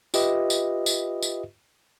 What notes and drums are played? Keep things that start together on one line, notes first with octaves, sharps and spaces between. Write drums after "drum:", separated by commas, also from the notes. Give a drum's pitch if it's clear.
F4 G4 B4 D#5 E5, drum: tambourine
drum: tambourine
drum: tambourine
drum: tambourine